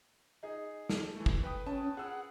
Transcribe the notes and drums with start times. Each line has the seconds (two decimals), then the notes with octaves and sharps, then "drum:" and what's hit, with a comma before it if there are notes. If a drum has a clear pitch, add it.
0.43 D#4 G#4
0.89 A4, drum: snare
1.16 E3 A3
1.26 drum: kick
1.44 B4 G5 D#6
1.67 C#4 A5
1.97 G#4 F#5 E6